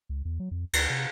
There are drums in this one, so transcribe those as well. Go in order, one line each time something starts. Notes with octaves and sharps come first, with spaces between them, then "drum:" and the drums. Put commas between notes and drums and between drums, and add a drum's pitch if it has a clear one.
C#2
E2
F#3
F2
D2, drum: cymbal
C3